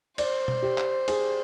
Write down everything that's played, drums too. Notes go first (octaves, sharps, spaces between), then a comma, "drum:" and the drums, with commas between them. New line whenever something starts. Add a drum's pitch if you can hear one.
C5 D5, drum: cymbal
drum: tom B2
G4
drum: clap
G#4, drum: cymbal